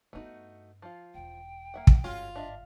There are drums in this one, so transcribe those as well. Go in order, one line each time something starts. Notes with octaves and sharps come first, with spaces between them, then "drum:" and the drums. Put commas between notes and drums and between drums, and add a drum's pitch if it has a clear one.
G2 A3 B3 D#4 F#4
F3 F4
E1 E2 G5
A#3 E5 F#5
drum: kick
G1 G#2 G#3 C#4 F4 F#4
D4 D#5 E5